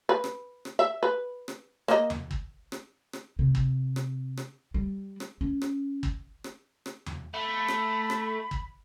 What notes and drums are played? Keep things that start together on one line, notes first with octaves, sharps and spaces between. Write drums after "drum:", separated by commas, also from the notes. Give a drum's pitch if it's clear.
B4
drum: rim click
drum: rim click
E5
B4
drum: rim click
A#3 D#5, drum: rim click
drum: tom E2
drum: kick
drum: rim click
drum: rim click
C3
drum: kick
drum: rim click
drum: rim click
G3
drum: rim click
C#4
drum: rim click
drum: kick
drum: rim click
drum: rim click
drum: tom E2
A3 B5
drum: rim click
drum: rim click
drum: kick